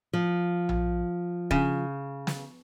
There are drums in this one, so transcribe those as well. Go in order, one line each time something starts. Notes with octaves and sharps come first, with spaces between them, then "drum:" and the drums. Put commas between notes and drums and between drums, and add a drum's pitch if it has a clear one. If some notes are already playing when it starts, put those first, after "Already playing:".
F3
drum: tom A#1
C#3, drum: kick
drum: snare